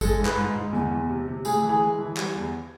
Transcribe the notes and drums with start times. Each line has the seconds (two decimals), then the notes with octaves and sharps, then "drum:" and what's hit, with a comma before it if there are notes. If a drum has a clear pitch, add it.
0.01 G#3 A4, drum: kick G#1, tambourine
0.19 G#2
0.25 B4, drum: clap
0.37 G#2
0.55 G#2
0.73 E2, drum: tom
0.91 E2
1.09 C3
1.28 C3
1.45 A2 G#4, drum: tambourine
1.63 E3
1.69 G#4
1.81 G#3
1.99 E3
2.17 G3, drum: clap
2.35 E2